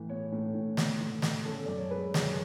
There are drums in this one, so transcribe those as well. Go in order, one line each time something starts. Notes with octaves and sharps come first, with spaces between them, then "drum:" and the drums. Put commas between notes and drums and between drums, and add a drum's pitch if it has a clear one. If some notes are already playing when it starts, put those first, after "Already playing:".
Already playing: A2 E3
B3 C#5
A2
A2
B3, drum: snare
A2
B3, drum: snare
C#4 A4
F#2 D5
C#5
G#3 B4
F#2, drum: snare